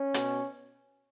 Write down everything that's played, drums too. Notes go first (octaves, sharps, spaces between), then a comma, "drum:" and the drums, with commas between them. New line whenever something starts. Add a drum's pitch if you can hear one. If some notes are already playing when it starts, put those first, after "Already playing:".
Already playing: C#4
B2, drum: hi-hat